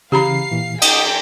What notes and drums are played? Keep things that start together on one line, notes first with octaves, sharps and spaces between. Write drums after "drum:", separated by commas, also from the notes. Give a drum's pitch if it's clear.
C#3 E3 G4 F5 A#5 B5 C7
A#2 E3
G#4 D#5 F#5 G5 D6 D#6, drum: cymbal